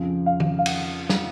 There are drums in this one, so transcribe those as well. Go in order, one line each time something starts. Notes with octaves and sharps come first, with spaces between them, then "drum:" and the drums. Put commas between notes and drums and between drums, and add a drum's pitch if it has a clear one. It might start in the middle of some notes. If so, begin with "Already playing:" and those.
Already playing: F2 C#3 F3
F5
drum: tom D#3
F5
F#5, drum: cymbal
drum: snare